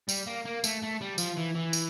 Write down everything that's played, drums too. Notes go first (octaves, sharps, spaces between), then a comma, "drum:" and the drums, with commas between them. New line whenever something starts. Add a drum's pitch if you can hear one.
G3, drum: tambourine
A#3
A#3
A3, drum: tambourine
A3
G3
F3, drum: tambourine
E3
E3
drum: tambourine